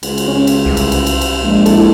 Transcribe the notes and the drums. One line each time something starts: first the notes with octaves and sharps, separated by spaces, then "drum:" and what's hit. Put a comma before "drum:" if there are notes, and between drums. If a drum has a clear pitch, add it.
C#2, drum: cymbal
drum: cymbal
C#4
drum: cymbal
C2
drum: cymbal
drum: cymbal
drum: cymbal
drum: cymbal
A#1 G#3
E4 A4, drum: cymbal